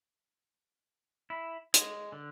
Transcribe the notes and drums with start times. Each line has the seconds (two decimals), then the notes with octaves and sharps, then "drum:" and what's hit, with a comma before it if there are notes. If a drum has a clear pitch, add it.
1.30 E4
1.74 G#3, drum: hi-hat
2.12 D3